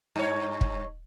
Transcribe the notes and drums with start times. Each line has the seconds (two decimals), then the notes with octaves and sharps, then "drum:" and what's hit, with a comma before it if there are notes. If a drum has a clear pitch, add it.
0.16 G2 C#5
0.61 drum: kick